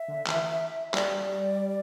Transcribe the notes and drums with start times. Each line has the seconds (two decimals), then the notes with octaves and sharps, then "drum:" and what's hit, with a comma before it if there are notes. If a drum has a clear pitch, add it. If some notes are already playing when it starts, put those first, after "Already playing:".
Already playing: E5
0.08 D3
0.26 E3, drum: clap
0.94 G3 D5, drum: clap